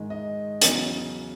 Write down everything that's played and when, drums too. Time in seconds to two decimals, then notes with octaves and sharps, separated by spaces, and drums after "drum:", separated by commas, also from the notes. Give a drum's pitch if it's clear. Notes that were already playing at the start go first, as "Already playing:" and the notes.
Already playing: G#2 D#3 G#3
0.10 D#5
0.62 E2 C#3 F#3, drum: hi-hat